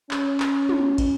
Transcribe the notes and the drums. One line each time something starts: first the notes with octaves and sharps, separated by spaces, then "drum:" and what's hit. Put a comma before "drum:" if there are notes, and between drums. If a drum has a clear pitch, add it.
C#4, drum: clap
drum: clap
drum: tom
drum: kick, cymbal